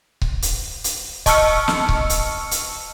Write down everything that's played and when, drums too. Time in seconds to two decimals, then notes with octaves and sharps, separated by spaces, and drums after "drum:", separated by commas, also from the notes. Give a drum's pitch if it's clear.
0.22 drum: kick C#1
0.42 drum: hi-hat
0.84 drum: hi-hat
1.26 D#5 A5 C#6 E6 F6 C#7, drum: kick C#1, hi-hat
1.68 drum: snare
1.89 drum: kick C#1
2.10 drum: hi-hat
2.51 drum: hi-hat